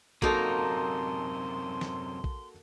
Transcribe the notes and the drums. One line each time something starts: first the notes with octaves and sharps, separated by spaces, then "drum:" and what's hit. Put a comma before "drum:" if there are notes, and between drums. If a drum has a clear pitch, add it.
F#2 C3 A#3 D#4 F#4 A4 A5 C6, drum: kick
drum: snare
drum: kick